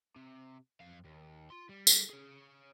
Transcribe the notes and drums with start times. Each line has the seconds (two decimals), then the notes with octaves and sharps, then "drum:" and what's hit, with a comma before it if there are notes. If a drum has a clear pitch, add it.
0.16 C3
0.80 F2 F5
1.05 D#2
1.50 F4 C6
1.69 G3
1.87 drum: tambourine
2.10 G#4 C#5